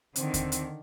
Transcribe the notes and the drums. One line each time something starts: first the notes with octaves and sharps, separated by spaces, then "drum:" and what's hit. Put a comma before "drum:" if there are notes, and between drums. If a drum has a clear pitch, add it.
D3 D#3 C4, drum: hi-hat
drum: kick D#2, hi-hat
drum: hi-hat